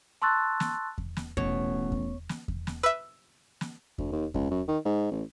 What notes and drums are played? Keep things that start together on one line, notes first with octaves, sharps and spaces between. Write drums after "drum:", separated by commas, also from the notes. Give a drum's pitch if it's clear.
A5 C6 C#6 E6 F#6 A6
drum: snare
drum: kick E2
drum: snare
D#1 A1 B2 C#5, drum: kick E2
drum: kick E2
drum: snare
drum: kick E2
drum: snare
B4 E5 E6
drum: snare
D2, drum: kick E2
D#2
C#2, drum: kick E2
F#2
D#3
G#2
A1